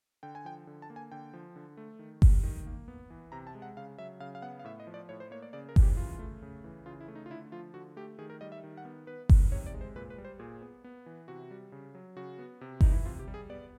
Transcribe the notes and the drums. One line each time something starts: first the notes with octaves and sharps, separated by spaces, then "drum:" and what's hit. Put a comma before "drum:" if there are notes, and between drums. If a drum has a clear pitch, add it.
D3 G5
G#5
F3 G5
D3
A5
A#3
G#5
D3 G5
F3
D3
A3
D#3
G3, drum: kick G1
D#3
A#3
B3
E3
C3 A#5
A5
G#3
F#5
C#3 F5
F#3 E5
C#3 F5
F5
B3 F#5
F5
A2 E5
D#5
F3
D5
A2 C#5
C5
A#3 C#5
D5
C#3 D5
A#4
E3, drum: kick G1
G4
C#3 F4
A3
C#3
E3
C#3 F4
E4
A3
D#4
F4
D3 E4
F3 F4
D3 F#4
A3 G4
D#3 G#4
A#4
G3 D#5
E5
D#3
F#5
B3
B3 B4
D#3, drum: kick G1
C3 C#5
D5
G#3
C5
A#2 B4
B4
G3
C5
A#2 G#4
B3
B3
E3
C3 F#4
G3
C#3
F#3
C#3 F#4
B3
C3
E3 D#4, drum: kick G1
E4
C3 F4
G4
G3
G#4
B3 D5